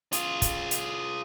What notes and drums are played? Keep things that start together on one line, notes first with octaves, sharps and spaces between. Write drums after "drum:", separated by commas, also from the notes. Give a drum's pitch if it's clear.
F4 G#4, drum: hi-hat
drum: kick, hi-hat
drum: hi-hat